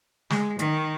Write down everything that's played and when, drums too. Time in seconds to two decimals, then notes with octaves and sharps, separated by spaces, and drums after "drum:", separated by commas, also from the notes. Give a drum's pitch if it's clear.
0.30 G#3, drum: snare
0.59 D#3, drum: hi-hat